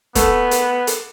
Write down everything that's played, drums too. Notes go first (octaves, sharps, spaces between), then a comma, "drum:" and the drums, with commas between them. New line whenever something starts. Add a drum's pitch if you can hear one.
A3 B3, drum: kick, hi-hat
drum: hi-hat
drum: hi-hat